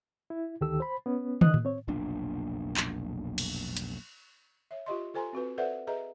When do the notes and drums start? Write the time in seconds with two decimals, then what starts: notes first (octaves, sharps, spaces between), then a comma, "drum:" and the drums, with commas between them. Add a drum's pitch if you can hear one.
0.30 E4
0.61 D2 D#3 G4 A4 E6
0.80 C5 B5
1.06 B3 C#4
1.41 D3 D#5 D#6 F#6, drum: tom
1.54 drum: tom A2
1.65 C4 C#5
1.88 F1 B1 A#2 D4
2.77 drum: clap
3.38 drum: cymbal
3.77 drum: hi-hat
4.71 C#5 E5
4.86 F4 G4 D#5 C6
5.14 F4 A4 C5 G#5 A#5 C6
5.33 C4 F#4 B4
5.58 A4 B4 C5 D5 E5 F#5
5.87 G#4 B4 D#5 E5 A#5